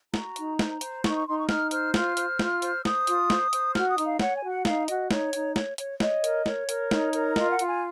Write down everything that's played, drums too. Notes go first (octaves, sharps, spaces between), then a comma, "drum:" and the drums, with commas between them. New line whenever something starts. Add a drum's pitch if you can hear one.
F#4 A#5, drum: snare
D#4, drum: hi-hat
C5, drum: snare
C5, drum: hi-hat
D#4 C#6, drum: snare
C#6
D#4 C6
C#6
D#4 F6, drum: snare
C5 F6, drum: hi-hat
F4 F6, drum: snare
C5, drum: hi-hat
F4, drum: snare
C5, drum: hi-hat
C5 D#6, drum: snare
F4, drum: hi-hat
C5, drum: snare
C5, drum: hi-hat
F#4 F6, drum: snare
D#6
D#4, drum: hi-hat
F5
C#5 F#5, drum: snare
G#5
F#4
F#5
D#4 F5, drum: snare
F#4 D#5, drum: hi-hat
D#4 C#5, drum: snare
D#4, drum: hi-hat
C#5, drum: snare
C#5, drum: hi-hat
C#5 D#5, drum: snare
A#4, drum: hi-hat
A#4 C#5, drum: snare
A#4, drum: hi-hat
D#4, drum: snare
A#4, drum: hi-hat
F4 D#5, drum: snare
F#5
F4, drum: hi-hat
G#5